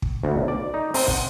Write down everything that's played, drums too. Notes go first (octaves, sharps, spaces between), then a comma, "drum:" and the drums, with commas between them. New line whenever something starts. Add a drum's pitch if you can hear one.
drum: kick
D2
B1
D5
D#4
C4, drum: open hi-hat
F#5, drum: kick